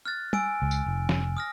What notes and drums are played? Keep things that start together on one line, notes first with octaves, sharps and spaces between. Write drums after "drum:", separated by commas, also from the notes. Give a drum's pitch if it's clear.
F6 F#6 A6
G#5 E6 D7, drum: tom
C#2
drum: tambourine
F1
drum: snare
D#6 F6 A#6